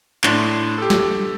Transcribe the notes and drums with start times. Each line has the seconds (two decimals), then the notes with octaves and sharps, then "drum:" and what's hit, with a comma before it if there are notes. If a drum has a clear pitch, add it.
0.24 A2 D4 C6, drum: clap
0.78 G4 A4
0.90 drum: snare